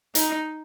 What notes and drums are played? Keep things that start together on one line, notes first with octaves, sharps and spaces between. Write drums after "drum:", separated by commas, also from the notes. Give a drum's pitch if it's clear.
D#4, drum: hi-hat